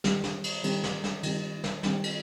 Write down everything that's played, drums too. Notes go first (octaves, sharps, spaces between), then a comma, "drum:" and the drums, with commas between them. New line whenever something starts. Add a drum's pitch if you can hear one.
D#3 G3 C4, drum: snare
drum: snare
drum: cymbal
D#3 G3 C4, drum: cymbal
drum: snare
drum: snare
D#3 G3 C4, drum: cymbal
drum: snare
D#3 G3 C4, drum: snare
drum: cymbal